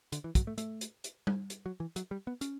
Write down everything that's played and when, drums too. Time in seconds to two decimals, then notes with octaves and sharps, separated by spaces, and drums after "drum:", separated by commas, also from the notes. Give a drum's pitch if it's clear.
0.12 D3, drum: hi-hat
0.24 E3
0.35 F#3, drum: kick, hi-hat
0.47 A3
0.58 A3, drum: hi-hat
0.81 drum: hi-hat
1.04 drum: hi-hat
1.27 drum: tom G3
1.50 drum: hi-hat
1.66 F#3
1.80 E3
1.96 F#3, drum: hi-hat
2.11 G3
2.27 B3
2.41 C#4, drum: hi-hat